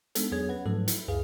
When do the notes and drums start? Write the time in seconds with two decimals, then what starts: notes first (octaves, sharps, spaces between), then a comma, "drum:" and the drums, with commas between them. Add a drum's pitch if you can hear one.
0.15 G#3 B3 D4 D#4 A4, drum: hi-hat
0.32 E2 F#3 B3 G#4 C#5 G#6
0.49 C#4 B4 F#5
0.66 G#2 F3 F#3 A3 A4
0.88 E4, drum: hi-hat
1.08 C#2 F#2 G#4 B4 F5